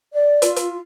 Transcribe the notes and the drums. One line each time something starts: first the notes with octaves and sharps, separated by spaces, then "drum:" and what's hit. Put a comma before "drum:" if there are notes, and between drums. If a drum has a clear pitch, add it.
D5
F4, drum: hi-hat
drum: hi-hat